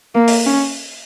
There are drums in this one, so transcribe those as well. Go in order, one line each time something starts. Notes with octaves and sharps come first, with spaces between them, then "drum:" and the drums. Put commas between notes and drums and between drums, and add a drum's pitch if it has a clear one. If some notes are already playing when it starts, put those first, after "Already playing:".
A#3
drum: open hi-hat
C#4